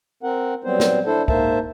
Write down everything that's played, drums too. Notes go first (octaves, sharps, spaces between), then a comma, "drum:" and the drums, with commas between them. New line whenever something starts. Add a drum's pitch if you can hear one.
C4 A#4 F#5
F#3 G3 B3 C4 C5
drum: snare
D4 E4 A4 C5
G#2 A#3 A#4 C5 E5 A5, drum: kick